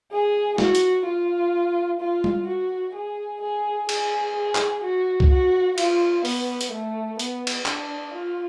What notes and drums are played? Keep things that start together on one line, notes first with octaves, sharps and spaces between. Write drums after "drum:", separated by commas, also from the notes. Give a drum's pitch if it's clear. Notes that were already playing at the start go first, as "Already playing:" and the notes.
G#4
F#4, drum: snare
drum: hi-hat
F4
F4
drum: tom G3
F#4
G#4
G#4
G#4, drum: cymbal
G#4
drum: clap
F#4
drum: kick C2
F#4
F4, drum: cymbal
B3, drum: open hi-hat
drum: hi-hat
A3
B3, drum: hi-hat
drum: cymbal
D4, drum: clap
F4